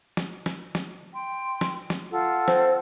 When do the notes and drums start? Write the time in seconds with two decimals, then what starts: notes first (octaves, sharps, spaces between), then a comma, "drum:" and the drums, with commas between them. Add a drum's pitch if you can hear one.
0.17 drum: snare
0.46 drum: snare
0.75 drum: snare
1.13 G5 C6
1.61 drum: snare
1.90 drum: snare
2.10 F4 A4 F#5
2.48 C4, drum: snare